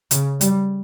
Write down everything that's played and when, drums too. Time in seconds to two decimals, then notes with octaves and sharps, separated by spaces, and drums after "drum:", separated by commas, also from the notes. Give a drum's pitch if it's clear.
0.11 C#3, drum: hi-hat
0.41 G3, drum: hi-hat